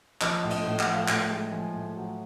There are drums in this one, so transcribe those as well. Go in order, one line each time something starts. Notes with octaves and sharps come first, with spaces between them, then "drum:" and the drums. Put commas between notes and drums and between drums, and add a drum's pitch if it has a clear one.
F3 D#5, drum: clap
A2
D#5, drum: cymbal
A2
F#5, drum: clap
F3
F5
F#5
A2 G5, drum: clap
G#3
F3 G#5
A2
F#3